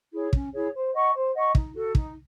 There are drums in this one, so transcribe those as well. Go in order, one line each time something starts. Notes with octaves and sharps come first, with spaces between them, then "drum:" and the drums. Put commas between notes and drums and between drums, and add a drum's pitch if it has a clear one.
E4 G#4 C#5
C#4, drum: kick
E4 G#4 C#5
C5
D#5 F#5 C#6
C5
D#5 F#5 C#6
D#4, drum: kick
F#4 A4
D#4, drum: kick